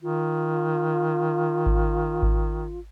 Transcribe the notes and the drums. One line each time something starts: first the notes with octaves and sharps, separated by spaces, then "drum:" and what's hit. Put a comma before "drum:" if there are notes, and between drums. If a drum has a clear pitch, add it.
D#3 F4
drum: kick G#1
drum: kick G#1